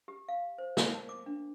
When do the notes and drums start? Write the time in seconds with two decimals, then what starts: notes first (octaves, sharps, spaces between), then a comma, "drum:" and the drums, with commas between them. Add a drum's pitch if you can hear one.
0.08 G4
0.28 F5
0.58 C5
0.77 A#4, drum: snare
0.94 A5
1.09 D6
1.26 D4